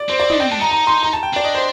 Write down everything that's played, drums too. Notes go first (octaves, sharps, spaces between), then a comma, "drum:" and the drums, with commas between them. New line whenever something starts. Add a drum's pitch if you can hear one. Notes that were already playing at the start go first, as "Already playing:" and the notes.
Already playing: D5
C4 C5
D5
D4 D#5, drum: tom
C4 G5
D4 A5
D#4 A#5
A#5
C6
A#5
A5
G5
D4 D5
D#5
C5